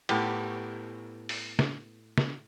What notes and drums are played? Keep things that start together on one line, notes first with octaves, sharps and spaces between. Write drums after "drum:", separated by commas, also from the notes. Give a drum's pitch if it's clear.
A2 B3 G4, drum: cymbal
drum: open hi-hat
drum: snare
drum: snare